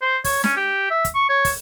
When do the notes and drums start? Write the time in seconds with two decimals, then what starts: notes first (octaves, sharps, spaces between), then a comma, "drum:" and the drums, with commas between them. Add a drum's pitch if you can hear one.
0.02 C5
0.24 C#5, drum: kick, open hi-hat
0.44 C#4, drum: snare
0.57 G4
0.91 E5
1.05 drum: kick, hi-hat
1.15 C#6
1.29 C#5
1.45 drum: kick, open hi-hat